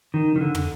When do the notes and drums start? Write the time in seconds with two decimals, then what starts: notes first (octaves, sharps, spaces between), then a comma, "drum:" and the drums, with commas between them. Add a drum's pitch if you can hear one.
0.14 D#3
0.36 D#3
0.41 D3
0.55 drum: tom